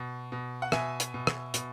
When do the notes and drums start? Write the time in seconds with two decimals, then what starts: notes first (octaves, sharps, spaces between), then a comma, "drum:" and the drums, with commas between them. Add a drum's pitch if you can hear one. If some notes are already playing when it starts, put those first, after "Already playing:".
Already playing: B2
0.32 B2
0.62 F#5
0.72 B2 E5 G#5, drum: rim click
1.00 drum: hi-hat
1.14 B2
1.27 drum: rim click
1.54 B2, drum: hi-hat